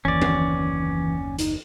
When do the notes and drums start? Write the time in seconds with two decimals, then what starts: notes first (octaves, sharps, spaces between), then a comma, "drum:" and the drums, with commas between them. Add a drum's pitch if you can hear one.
0.05 F#1 D#2 E3 C#4 D5
0.22 drum: tom E3
1.39 D#4, drum: hi-hat